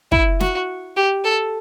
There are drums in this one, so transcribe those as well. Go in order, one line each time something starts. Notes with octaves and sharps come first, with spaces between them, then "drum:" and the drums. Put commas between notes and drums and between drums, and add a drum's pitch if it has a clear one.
E4, drum: kick
F#4, drum: snare
G4
A4